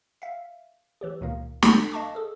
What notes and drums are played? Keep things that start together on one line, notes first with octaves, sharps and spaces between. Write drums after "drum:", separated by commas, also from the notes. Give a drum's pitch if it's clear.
E5 F5
E3 F#3 G4
C#2 A#2 D#3 A#3
A#5 G6, drum: snare
D#5 F5 A5 C#6 D6
G#4 A4